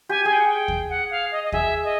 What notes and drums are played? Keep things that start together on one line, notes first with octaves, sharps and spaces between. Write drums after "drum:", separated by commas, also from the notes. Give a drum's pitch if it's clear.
G4 G#5
G#4 G#5
G5
F#5
G5
drum: kick D#2
F#5
F5
D#5
D#5
G#4 E5, drum: kick D#2
D#5